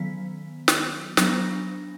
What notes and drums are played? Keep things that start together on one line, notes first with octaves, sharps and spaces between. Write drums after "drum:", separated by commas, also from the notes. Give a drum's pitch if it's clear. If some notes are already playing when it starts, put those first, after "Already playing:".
Already playing: D#3 F#3 B3 B6
drum: snare
F#3 B3 D4 A#6, drum: snare